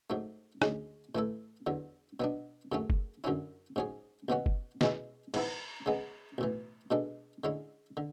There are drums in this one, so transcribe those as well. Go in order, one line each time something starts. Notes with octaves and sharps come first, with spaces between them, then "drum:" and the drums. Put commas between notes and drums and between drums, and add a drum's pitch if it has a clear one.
G#2 F#3 A3
D2 C#3 G#3 C#4, drum: rim click
A2 E3 A3 E4 A4
E2 D3 F#3
B2 F#3 B3 D4
F#2 C#3 F#3 A3 C#4
drum: kick F#1
F#2 D3 F#3 C#4 E4
G#2 F#3 C#4 G#4
B1 B2 F#3 C#4 F#4
drum: kick F#1
B2 G#3 C#4 E4, drum: snare
G#2 E3 B3 E4, drum: cymbal
C#3 G#3 B3
B1 A2 E3
B2 G#3 D4 A4
D3 G#3 C#4 E4
D3